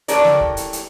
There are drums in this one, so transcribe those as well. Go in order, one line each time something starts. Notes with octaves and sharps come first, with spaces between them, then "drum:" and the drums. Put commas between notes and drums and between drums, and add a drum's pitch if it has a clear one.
E3 A3 C#4 G4 A#4 D5, drum: hi-hat
drum: snare
drum: kick C#1
drum: hi-hat
drum: hi-hat